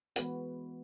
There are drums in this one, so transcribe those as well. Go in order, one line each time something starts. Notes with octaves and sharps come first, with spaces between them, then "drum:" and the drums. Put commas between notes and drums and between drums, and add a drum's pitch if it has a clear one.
E3 G#3 B3 F#4 B4, drum: hi-hat